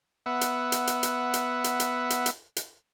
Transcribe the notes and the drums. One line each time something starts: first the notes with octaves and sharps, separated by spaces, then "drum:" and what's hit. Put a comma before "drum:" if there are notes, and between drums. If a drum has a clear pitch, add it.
B3 E5 F#5
drum: hi-hat
drum: hi-hat
drum: hi-hat
drum: hi-hat
drum: hi-hat
drum: hi-hat
drum: hi-hat
drum: hi-hat
drum: hi-hat
drum: hi-hat